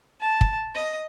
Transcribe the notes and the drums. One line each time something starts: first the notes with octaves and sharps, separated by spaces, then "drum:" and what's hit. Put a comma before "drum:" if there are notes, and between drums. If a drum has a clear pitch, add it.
A5
drum: kick
D#5